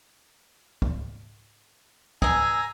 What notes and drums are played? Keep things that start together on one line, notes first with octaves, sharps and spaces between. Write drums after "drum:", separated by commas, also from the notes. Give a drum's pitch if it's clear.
drum: kick
B2 G#4 G#5 A#5 E6, drum: kick